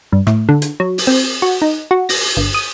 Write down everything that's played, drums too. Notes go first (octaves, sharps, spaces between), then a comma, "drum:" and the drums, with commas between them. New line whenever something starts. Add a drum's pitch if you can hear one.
G2
A2, drum: rim click
D3
drum: hi-hat
F#3
drum: open hi-hat
C4
F#4
D#4
F#4
A#6, drum: open hi-hat
G1
D#6